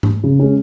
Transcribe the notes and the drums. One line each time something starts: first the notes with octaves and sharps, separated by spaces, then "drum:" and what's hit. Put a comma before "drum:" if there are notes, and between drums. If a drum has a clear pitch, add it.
drum: tom G#2
C#3
G#3 C#4